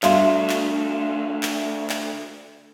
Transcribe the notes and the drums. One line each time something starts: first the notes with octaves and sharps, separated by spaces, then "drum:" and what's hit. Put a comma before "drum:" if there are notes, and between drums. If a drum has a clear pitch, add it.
D3 G3 A3 B3 F#4 E5 F5 C6, drum: clap
drum: clap
drum: clap
drum: clap